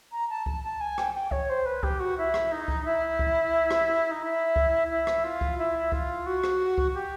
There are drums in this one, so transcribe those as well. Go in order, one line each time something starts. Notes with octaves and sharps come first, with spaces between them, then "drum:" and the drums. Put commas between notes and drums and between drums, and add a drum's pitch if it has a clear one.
A#5
A5
A5, drum: kick C2
A5
G#5
G5, drum: rim click
G5
C#5, drum: kick C2
C5
B4
G4, drum: kick C2
F#4
E4
drum: rim click
D#4
drum: kick C2
E4
drum: kick C2
drum: rim click
D#4
E4
drum: kick C2
E4
drum: rim click
F4
drum: kick C2
E4
F4, drum: kick C2
F#4
drum: rim click
drum: kick C2
G4